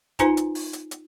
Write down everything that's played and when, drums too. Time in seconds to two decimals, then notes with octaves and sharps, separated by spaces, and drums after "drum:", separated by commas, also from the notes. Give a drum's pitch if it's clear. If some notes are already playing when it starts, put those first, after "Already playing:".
0.19 D#4 F4 B4 C5 G#5 A#5, drum: kick, hi-hat
0.37 drum: hi-hat
0.55 drum: open hi-hat
0.73 drum: hi-hat
0.91 drum: hi-hat